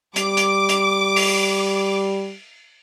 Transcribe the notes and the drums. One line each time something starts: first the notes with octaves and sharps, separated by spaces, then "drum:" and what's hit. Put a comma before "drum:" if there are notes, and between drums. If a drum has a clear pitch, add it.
G3 D6, drum: hi-hat
drum: hi-hat
drum: hi-hat
drum: open hi-hat